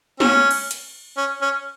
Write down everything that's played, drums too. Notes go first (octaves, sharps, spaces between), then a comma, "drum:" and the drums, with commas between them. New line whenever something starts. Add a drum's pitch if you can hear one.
C#4, drum: snare
drum: cymbal
drum: hi-hat
C#4
C#4